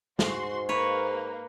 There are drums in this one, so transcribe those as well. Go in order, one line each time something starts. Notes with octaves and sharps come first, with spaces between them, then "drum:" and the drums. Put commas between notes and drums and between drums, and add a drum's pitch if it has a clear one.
G#2 F#4 C6, drum: snare
A#3 B4 C#5